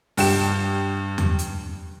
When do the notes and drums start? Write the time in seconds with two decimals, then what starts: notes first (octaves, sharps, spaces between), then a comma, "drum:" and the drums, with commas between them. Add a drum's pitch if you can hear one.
0.17 G2 G4 E7, drum: open hi-hat
1.18 drum: tom E2
1.39 drum: hi-hat